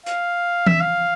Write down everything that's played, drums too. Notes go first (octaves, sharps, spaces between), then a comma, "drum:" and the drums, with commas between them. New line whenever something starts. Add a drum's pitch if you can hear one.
F5, drum: hi-hat
E5, drum: tom E3
F5